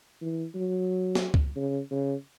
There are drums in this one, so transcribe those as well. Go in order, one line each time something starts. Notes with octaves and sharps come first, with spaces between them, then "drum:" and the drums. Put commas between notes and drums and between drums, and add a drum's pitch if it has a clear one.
E3
F#3
drum: snare
drum: kick C#2
C#3
C#3